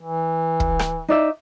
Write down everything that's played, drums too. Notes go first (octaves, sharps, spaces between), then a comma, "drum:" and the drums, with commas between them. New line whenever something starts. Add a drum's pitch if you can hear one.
E3
drum: kick
drum: rim click
D#4 D5 E5